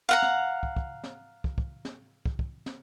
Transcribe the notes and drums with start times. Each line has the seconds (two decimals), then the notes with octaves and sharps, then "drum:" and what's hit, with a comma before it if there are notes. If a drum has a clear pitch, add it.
0.09 F5 F#5 A#5
0.22 drum: snare
0.63 drum: kick
0.76 drum: kick
1.04 drum: snare
1.44 drum: kick
1.58 drum: kick
1.85 drum: snare
2.26 drum: kick
2.39 drum: kick
2.66 drum: snare